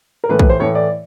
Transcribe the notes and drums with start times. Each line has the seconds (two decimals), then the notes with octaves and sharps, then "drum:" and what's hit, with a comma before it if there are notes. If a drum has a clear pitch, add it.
0.24 A#4
0.29 A2 E3 A3 B4
0.39 B4, drum: kick
0.50 C5
0.59 A2 E3 A3 C#5
0.75 D5